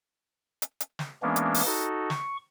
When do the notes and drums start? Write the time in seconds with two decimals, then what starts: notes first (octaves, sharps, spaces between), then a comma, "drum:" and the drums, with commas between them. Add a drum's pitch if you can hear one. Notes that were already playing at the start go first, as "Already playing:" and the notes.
0.62 drum: hi-hat
0.80 drum: hi-hat
0.99 drum: snare
1.22 E3 G#3 A#3 B3 C#4 D4
1.36 drum: hi-hat
1.54 drum: open hi-hat
1.66 D#4 F#4 A4
2.10 C#6, drum: snare